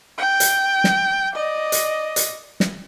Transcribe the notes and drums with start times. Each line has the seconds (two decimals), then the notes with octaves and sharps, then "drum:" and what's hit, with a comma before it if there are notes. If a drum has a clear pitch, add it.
0.18 G5
0.40 drum: hi-hat
0.84 drum: snare
1.34 D5 D#5
1.72 drum: hi-hat
2.16 drum: hi-hat
2.60 drum: snare